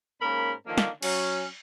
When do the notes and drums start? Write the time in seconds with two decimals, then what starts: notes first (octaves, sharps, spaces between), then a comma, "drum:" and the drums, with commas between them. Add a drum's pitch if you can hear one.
0.21 G#2 A#3 C#4 A#4 B5
0.66 D3 D#3 F3 A#3
0.77 drum: snare
1.02 F#3 C#4, drum: cymbal